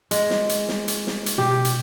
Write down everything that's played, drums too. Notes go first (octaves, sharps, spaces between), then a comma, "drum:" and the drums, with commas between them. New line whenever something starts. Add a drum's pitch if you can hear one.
G#3, drum: hi-hat
drum: snare
drum: hi-hat
drum: snare
drum: hi-hat
drum: snare
drum: hi-hat
B2 G4
drum: hi-hat